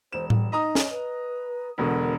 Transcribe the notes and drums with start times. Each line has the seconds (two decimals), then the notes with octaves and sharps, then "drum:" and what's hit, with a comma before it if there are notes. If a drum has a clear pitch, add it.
0.12 E1 C5 E7
0.30 G3, drum: tom A2
0.52 D#4 D#5 A#5 D#6
0.75 drum: snare
0.91 B4
1.78 E1 B2 D3 A#4